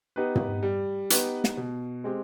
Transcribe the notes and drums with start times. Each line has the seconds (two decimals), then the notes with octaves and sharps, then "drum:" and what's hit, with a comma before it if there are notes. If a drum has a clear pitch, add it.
0.16 B3 D#4 G4 B4
0.35 drum: tom
0.63 G3
1.10 B3 D#4 G4 B4, drum: hi-hat
1.44 drum: snare
1.57 B2
2.04 G#3 C4 G4